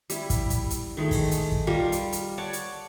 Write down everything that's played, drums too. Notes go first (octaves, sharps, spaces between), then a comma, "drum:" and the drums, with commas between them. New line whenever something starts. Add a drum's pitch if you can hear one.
G3 E4, drum: hi-hat
drum: kick, hi-hat
drum: kick, hi-hat
drum: hi-hat
D#3 G#3 A3
drum: kick, open hi-hat
drum: hi-hat
drum: kick
G3 F4 A#4
drum: hi-hat
drum: hi-hat
C#5 D5 F#5 A5
drum: hi-hat